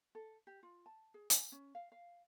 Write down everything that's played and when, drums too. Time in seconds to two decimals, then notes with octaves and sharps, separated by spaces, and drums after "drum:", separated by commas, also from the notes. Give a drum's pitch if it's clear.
0.15 A4
0.47 G4
0.63 F4
0.86 A5
1.14 G#4
1.30 G#5, drum: hi-hat
1.52 C#4
1.75 F5
1.92 F5